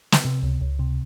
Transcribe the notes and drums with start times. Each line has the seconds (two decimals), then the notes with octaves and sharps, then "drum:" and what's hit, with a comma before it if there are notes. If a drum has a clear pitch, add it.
0.12 drum: snare
0.25 C3
0.43 C#2
0.61 C#2
0.79 C3